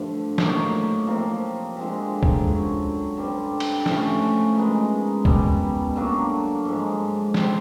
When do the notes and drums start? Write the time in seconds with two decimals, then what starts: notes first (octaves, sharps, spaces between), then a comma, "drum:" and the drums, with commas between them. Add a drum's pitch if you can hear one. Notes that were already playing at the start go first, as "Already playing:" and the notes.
Already playing: G2 D3 F3 A3
0.38 A2 F#3 A#3 D#4, drum: snare
1.07 C3 F3 A#3
1.76 D3 F3 G#3 C4
2.23 drum: kick
2.47 F#2 D3 F#3
3.17 G2 D3 G3 C4
3.60 drum: cymbal
3.86 A2 F3 A3 C#4, drum: snare
4.55 D#3 G#3 B3 D#4
5.25 B2 G3 B3, drum: kick
5.96 D3 F#3 A#3 D4
6.65 G#2 F3 G#3
7.34 G3 C4 F4 A4, drum: snare